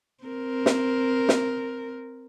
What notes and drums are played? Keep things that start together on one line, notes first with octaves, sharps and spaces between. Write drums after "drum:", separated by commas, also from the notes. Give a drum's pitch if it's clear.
C4 A#4
drum: snare
drum: snare